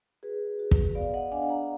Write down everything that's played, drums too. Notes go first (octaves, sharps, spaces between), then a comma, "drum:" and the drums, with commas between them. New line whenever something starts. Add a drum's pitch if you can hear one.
F#4 G#4 B4
F#4
drum: kick
B3 D5 F5
D#5 F#5
D4 F5 G#5
G#5
F#5 A#5